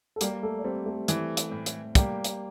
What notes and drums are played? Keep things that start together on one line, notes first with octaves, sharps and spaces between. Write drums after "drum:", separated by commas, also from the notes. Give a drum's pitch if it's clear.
A4
G3 A#3 G4, drum: hi-hat
A3 A4
D5
G3 C4 C5
A3 A4
E3, drum: hi-hat
drum: hi-hat
A2
drum: hi-hat
G3 A#3 G4, drum: kick, hi-hat
drum: hi-hat